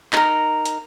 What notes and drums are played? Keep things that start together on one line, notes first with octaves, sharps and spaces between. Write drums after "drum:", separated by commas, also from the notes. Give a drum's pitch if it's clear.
D#4 A#4, drum: clap
drum: hi-hat